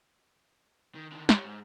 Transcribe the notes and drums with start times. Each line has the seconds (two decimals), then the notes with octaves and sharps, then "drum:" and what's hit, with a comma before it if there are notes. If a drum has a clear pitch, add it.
0.95 D#3
1.12 D3 D#3
1.29 G4 C#5, drum: snare
1.43 G#2